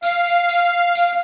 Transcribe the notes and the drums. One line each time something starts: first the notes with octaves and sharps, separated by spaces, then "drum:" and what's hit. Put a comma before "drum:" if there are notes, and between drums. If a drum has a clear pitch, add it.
F5, drum: tambourine
drum: tambourine
drum: tambourine
drum: tambourine